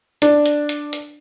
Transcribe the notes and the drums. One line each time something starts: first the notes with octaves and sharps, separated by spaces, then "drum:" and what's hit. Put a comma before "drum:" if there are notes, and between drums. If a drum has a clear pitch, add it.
D4, drum: hi-hat
drum: hi-hat
drum: hi-hat
drum: hi-hat